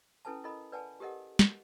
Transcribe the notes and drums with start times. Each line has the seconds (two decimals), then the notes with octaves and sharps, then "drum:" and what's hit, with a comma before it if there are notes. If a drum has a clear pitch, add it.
0.25 C#4 E4 A4 B4 G#5 A5
0.44 E4 A4 A#4 D#5 B5
0.72 B4 D5 F#5 G#5 A5
1.00 G4 A4 A#4 D#5 F#5
1.39 drum: snare